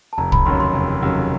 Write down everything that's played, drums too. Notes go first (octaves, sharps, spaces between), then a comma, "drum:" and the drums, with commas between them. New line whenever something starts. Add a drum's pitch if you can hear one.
A5
F1 A#5
B5, drum: kick
D#2 C#3 F#3 C6
C6
F1
D#2 C#3 F#3